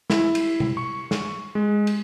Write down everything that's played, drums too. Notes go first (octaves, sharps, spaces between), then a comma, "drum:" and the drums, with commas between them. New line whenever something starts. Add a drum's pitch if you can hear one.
E4, drum: snare
drum: cymbal
drum: tom B2
C#6
drum: snare
G#3
drum: cymbal